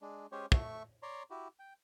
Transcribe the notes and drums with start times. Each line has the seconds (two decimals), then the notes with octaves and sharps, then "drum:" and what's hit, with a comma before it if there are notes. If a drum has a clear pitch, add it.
0.02 G#3 D4
0.32 G#3 C#4 G4 C5 C#5
0.52 A3 E5 C#6, drum: kick
1.03 C#5 D5 A#5 C6
1.30 E4 F#4 G4
1.59 G5